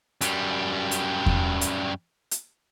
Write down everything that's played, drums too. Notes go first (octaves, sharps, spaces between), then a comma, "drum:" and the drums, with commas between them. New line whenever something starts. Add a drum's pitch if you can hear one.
F#2 G3, drum: hi-hat
drum: hi-hat
drum: kick E2
drum: hi-hat
drum: hi-hat